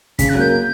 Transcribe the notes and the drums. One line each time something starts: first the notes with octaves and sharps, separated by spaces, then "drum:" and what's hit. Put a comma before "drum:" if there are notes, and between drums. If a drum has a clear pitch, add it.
C#3 B6, drum: kick, hi-hat
F#6
F#3 A#3 G6